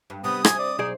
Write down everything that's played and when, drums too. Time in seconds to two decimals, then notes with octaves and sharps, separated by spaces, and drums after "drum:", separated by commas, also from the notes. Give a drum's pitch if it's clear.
0.10 G2
0.24 C3 G3 B3 D#6
0.45 C3 G#5, drum: rim click
0.59 D5
0.79 B1 D#4 G#4 C5 D5